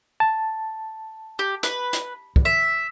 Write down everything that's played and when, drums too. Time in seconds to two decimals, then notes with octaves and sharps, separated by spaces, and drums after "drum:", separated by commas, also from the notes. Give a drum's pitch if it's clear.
0.20 A5
1.39 G4
1.63 B4, drum: hi-hat
1.93 drum: hi-hat
2.36 drum: kick
2.45 E5